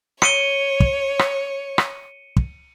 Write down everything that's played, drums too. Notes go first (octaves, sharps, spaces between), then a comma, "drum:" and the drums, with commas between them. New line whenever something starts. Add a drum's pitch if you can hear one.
C#5 C#7 D#7 G7, drum: rim click
drum: kick
drum: rim click
drum: rim click
drum: kick